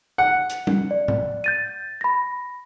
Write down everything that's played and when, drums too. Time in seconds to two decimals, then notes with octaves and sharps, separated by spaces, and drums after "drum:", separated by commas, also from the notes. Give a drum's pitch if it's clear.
0.18 F#5
0.50 drum: hi-hat
0.67 drum: tom
0.91 D5
1.08 drum: tom A2
1.44 G6 A6 D#7
2.01 B5 A#6